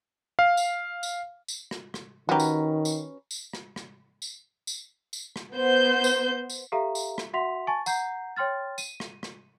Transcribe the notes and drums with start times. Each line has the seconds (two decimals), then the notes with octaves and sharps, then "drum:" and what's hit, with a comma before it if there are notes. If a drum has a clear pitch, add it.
0.39 F5
0.57 drum: tambourine
1.03 drum: tambourine
1.48 drum: tambourine
1.71 drum: rim click
1.94 drum: rim click
2.29 D#3 C#4 F#4 G4 B4 A#5
2.40 drum: tambourine
2.85 drum: tambourine
3.31 drum: tambourine
3.53 drum: rim click
3.76 drum: rim click
4.22 drum: tambourine
4.67 drum: tambourine
5.13 drum: tambourine
5.36 drum: rim click
5.53 B3 C5 G6
6.04 drum: tambourine
6.50 drum: tambourine
6.72 G4 A4 E5 F5 A#5
6.95 drum: tambourine
7.18 drum: rim click
7.33 F#4 E5 F#5 C6 B6 F7
7.67 G#5 A5 C#6 A6
7.86 F#5 A#5 G6 C7, drum: tambourine
8.36 C#5 G5 C6 F6 A6
8.78 D#7, drum: tambourine
9.00 drum: rim click
9.23 drum: rim click